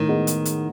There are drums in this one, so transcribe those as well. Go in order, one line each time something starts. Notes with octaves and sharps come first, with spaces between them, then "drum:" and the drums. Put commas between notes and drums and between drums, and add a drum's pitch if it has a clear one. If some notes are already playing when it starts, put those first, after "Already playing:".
Already playing: A2 D#3
G#3 B3 D#4
drum: hi-hat
drum: hi-hat